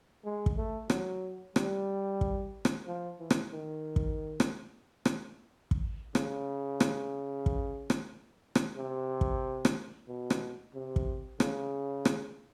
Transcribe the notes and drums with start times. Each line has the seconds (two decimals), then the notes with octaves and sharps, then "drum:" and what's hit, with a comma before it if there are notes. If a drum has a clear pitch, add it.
0.24 G#3
0.46 drum: kick
0.57 A3
0.90 F#3, drum: rim click
1.56 G3, drum: rim click
2.21 drum: kick
2.65 drum: rim click
2.87 F3
3.19 E3
3.30 drum: rim click
3.52 D#3
3.96 drum: kick
4.40 drum: rim click
5.05 drum: rim click
5.71 drum: kick
6.15 C#3, drum: rim click
6.80 drum: rim click
7.46 drum: kick
7.90 drum: rim click
8.55 drum: rim click
8.77 C3
9.21 drum: kick
9.65 drum: rim click
10.08 B2
10.30 drum: rim click
10.75 C3
10.96 drum: kick
11.40 C#3, drum: rim click
12.05 drum: rim click